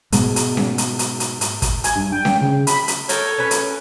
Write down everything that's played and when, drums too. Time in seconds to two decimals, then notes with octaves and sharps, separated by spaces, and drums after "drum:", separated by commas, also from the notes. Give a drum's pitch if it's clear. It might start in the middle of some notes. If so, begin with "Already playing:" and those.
0.12 G#2 B2 G#3, drum: hi-hat
0.36 drum: hi-hat
0.57 drum: snare C#4
0.78 drum: hi-hat
0.99 drum: hi-hat
1.20 drum: hi-hat
1.41 drum: hi-hat
1.62 drum: kick, hi-hat
1.84 G#5, drum: hi-hat
1.95 G2
2.12 G5
2.25 drum: snare C#4
2.41 C#3
2.67 B5, drum: hi-hat
2.88 drum: hi-hat
3.09 A4 A#4 C#5 G5, drum: hi-hat
3.38 C#4 B4
3.51 drum: hi-hat